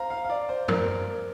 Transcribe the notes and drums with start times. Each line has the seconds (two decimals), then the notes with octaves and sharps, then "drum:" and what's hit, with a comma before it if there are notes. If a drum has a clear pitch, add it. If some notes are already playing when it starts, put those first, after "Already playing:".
Already playing: C5 F5 A#5
0.10 F5
0.24 F5
0.30 D5
0.49 C5
0.68 A#4, drum: tom F#2